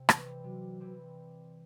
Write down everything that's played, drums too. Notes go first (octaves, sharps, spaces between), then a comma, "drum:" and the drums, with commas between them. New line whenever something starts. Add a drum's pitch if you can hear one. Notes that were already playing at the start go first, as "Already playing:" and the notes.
Already playing: C3
E3 G3 C4, drum: rim click
C3 F#3
E3 G3 C4